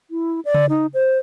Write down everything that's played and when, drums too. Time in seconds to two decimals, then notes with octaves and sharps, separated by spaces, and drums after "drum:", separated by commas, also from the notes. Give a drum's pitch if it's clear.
0.11 E4
0.45 D5
0.54 drum: tom C#3
0.69 D#4
0.94 C5